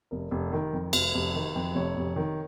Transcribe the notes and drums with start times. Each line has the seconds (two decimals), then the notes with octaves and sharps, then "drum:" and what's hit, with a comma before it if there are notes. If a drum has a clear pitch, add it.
0.11 F1 A#4
0.31 F1
0.52 D#3
0.73 F2
0.93 F1, drum: cymbal
1.15 F1
1.35 D#3
1.56 F2
1.75 F1 C#5
1.97 F1
2.16 D#3